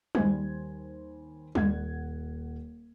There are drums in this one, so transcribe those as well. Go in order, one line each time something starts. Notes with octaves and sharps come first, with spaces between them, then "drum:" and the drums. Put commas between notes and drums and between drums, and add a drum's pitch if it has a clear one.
D#2 G3 C5 G#5 G#6, drum: tom G3
D#1 F#5 G#6, drum: tom G3